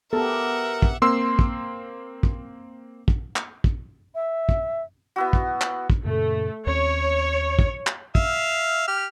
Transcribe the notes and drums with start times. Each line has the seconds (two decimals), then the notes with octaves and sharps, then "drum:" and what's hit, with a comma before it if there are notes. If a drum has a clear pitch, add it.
0.13 B3 G4 A4 A#4 E5 F#5
0.82 drum: kick
1.02 A#3 C4 C6 E6
1.39 drum: kick
2.23 drum: kick
3.08 drum: kick
3.36 drum: clap
3.64 drum: kick
4.15 E5
4.49 drum: kick
5.16 B3 E4 F#4
5.33 drum: kick
5.61 drum: clap
5.90 drum: kick
6.05 F#2 A#2 C#3 A3
6.67 D#2 C4 C#4 C#5
7.59 drum: kick
7.87 drum: clap
8.15 E5 F5, drum: kick
8.88 G4 F6